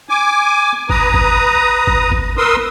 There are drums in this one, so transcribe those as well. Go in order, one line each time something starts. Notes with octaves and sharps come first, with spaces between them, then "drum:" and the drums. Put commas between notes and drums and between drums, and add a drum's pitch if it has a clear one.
G#5 D6
B4 A#5 D#6, drum: kick G1
drum: kick G1
drum: kick G1
drum: kick G1
A#4 B4 C6 D#6 E6